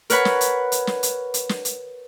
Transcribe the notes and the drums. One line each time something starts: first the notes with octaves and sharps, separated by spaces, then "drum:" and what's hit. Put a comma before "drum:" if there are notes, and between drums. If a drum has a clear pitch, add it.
A#4 B4 C#5 F#5 B5, drum: hi-hat
drum: snare
drum: hi-hat
drum: hi-hat
drum: snare
drum: hi-hat
drum: hi-hat
drum: snare
drum: hi-hat